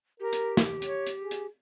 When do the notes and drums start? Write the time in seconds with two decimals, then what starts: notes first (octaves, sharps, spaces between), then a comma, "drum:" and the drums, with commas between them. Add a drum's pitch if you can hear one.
0.20 G4 A#4
0.33 drum: hi-hat
0.57 drum: snare
0.82 C#5, drum: hi-hat
1.07 drum: hi-hat
1.20 G#4
1.31 drum: hi-hat